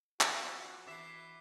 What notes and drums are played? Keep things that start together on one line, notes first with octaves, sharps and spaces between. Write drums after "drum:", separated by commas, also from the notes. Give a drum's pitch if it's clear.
F2 F#4, drum: clap
E3 E5 D6 B6 C7